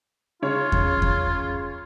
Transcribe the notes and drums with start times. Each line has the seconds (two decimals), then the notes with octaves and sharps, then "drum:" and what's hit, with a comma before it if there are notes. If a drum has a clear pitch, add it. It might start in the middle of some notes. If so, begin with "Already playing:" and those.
0.43 C#3 F4 C#5
0.72 drum: kick E2
1.02 drum: kick E2